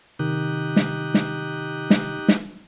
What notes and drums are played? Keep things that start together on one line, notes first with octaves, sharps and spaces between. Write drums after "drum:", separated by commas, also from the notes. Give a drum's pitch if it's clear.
C3 D#3 D#4 G4 F#6
drum: snare
drum: snare
drum: snare
drum: snare